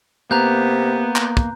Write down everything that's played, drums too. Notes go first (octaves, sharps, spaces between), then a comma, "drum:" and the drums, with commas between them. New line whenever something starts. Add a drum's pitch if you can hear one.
C3 A#3 B3 A#5 F#6 G6
drum: clap
drum: kick